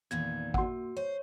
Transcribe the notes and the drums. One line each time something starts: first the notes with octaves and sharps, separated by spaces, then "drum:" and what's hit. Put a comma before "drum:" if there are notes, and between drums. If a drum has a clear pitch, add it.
E2 A#2 D#3 G#6
A#3 F#4 F#5 C6, drum: kick G#1
C5 C#5